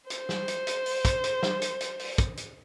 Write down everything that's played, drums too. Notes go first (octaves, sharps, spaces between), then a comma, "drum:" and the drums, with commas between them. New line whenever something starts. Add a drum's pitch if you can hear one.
C5, drum: hi-hat
drum: snare
drum: hi-hat
drum: hi-hat
drum: open hi-hat
drum: kick, hi-hat
drum: hi-hat
drum: snare
drum: hi-hat
drum: hi-hat
drum: open hi-hat
drum: kick, hi-hat
drum: hi-hat